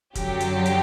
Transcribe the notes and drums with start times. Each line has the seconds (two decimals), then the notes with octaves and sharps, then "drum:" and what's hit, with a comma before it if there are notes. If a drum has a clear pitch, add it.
0.15 F#2 D3 F#3 G4, drum: kick F1, hi-hat
0.40 drum: hi-hat
0.66 drum: hi-hat